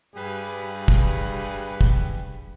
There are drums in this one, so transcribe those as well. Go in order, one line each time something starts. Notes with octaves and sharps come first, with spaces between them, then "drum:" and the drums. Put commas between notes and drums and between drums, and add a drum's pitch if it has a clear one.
G2 G3 G#4 B4
drum: kick
drum: kick